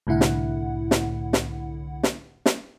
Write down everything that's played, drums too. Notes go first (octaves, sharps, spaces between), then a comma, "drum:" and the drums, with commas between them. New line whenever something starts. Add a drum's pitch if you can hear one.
C2 A2 D3 E4 F#5
drum: snare
drum: snare
drum: snare
drum: snare
drum: snare